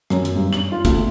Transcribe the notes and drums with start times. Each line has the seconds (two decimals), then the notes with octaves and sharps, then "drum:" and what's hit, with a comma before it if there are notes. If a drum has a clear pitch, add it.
0.10 F#2, drum: rim click
0.25 drum: hi-hat
0.36 G2
0.53 F#7, drum: rim click
0.72 F4
0.85 D2, drum: kick, hi-hat